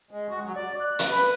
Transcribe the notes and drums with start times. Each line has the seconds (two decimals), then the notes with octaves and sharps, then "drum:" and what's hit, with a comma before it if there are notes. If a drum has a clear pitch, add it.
0.11 G#3
0.31 F#4
0.44 F#3
0.56 D5
0.80 F#6
0.99 drum: hi-hat
1.10 B4